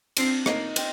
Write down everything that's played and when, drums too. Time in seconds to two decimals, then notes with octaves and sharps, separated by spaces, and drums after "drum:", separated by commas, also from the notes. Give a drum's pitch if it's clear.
0.17 C4 D4, drum: cymbal
0.46 A#3 D#4, drum: rim click
0.76 C4, drum: cymbal